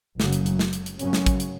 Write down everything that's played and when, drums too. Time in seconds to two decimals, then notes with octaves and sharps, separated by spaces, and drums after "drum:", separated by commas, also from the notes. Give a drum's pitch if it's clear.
0.20 F#1 F#2 C#3 F#3, drum: snare
0.33 drum: hi-hat
0.46 drum: hi-hat
0.59 drum: snare
0.73 drum: hi-hat
0.86 drum: hi-hat
0.99 F#2 C#3 F#3 C#4, drum: hi-hat
1.13 drum: snare
1.26 drum: kick, hi-hat
1.40 drum: hi-hat